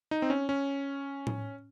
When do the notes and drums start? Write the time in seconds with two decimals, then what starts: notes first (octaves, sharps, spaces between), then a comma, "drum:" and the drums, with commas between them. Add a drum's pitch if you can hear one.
0.11 D#4
0.22 C4
0.30 C#4
0.49 C#4
1.27 drum: tom A2